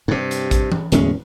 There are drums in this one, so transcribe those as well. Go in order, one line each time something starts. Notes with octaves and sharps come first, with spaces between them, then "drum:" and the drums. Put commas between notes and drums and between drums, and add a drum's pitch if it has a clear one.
G2 C3
drum: hi-hat
drum: kick, hi-hat
drum: tom E3
D1 E2 G#3 C#4, drum: hi-hat